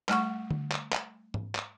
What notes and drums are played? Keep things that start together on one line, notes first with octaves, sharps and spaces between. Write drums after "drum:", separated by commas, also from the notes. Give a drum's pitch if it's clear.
G3 A3 F#5 C#6, drum: clap
drum: tom D3
drum: clap
drum: clap
drum: tom G#2
drum: clap